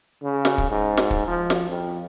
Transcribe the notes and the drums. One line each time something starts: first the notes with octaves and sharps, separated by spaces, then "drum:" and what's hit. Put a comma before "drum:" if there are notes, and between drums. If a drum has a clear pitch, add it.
C#3
drum: snare
drum: kick
G#2
drum: snare
drum: kick
F3
drum: snare
F2